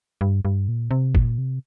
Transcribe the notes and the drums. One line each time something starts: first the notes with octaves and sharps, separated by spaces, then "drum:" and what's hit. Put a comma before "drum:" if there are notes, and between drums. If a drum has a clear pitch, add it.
G2
G2
A#2
C3
A#2, drum: kick F#1
C3